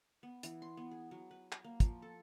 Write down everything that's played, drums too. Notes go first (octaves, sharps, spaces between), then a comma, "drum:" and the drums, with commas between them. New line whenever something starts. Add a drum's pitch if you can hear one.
B3
E3, drum: hi-hat
C6
B3
G#4
F#3
B4
drum: clap
A#3
F3, drum: kick, hi-hat
A4